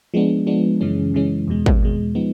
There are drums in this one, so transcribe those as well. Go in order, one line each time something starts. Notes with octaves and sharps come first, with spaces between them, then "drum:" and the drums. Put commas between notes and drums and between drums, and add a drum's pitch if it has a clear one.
F3 G#3 B3 D4
F3 G#3 B3 D4
F#2 C#3 E3 G#3 C#4
F#2 C#3 E3 G#3 C#4
E2 B2 G#3
drum: kick G#1
E2 B2 G#3
F3 G#3 B3 D#4